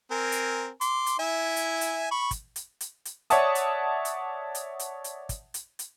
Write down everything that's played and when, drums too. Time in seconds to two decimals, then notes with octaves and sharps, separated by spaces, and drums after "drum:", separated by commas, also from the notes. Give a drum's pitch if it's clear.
0.11 C4 A#4 G#5
0.32 drum: hi-hat
0.81 C6 D6, drum: hi-hat
1.06 drum: hi-hat
1.19 E4 E5 G#5
1.56 drum: hi-hat
1.81 drum: hi-hat
2.11 B5 C#6
2.31 drum: kick, hi-hat
2.56 drum: hi-hat
2.81 drum: hi-hat
3.05 drum: hi-hat
3.30 C#5 D5 E5 F#5 A5 D#6, drum: hi-hat
3.55 drum: hi-hat
4.05 drum: hi-hat
4.55 drum: hi-hat
4.79 drum: hi-hat
5.04 drum: hi-hat
5.29 drum: kick, hi-hat
5.54 drum: hi-hat
5.79 drum: hi-hat